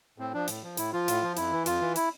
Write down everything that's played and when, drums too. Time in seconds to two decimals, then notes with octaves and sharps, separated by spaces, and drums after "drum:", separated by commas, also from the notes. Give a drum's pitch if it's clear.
0.18 A2 C4
0.34 F3 D4
0.48 A2, drum: hi-hat
0.63 F3
0.77 A2 E4, drum: hi-hat
0.93 F3 F4
1.08 A2, drum: hi-hat
1.23 F3
1.37 F2 E4, drum: hi-hat
1.52 E3
1.66 F2 F4, drum: hi-hat
1.81 E3
1.96 E4, drum: hi-hat